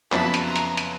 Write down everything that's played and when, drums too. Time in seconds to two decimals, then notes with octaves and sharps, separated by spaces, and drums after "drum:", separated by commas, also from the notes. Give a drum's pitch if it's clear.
0.12 F2 C#3 F#3 B3 E4 A5 B5, drum: clap
0.34 drum: hi-hat
0.44 A#5 C6
0.56 drum: hi-hat
0.77 drum: hi-hat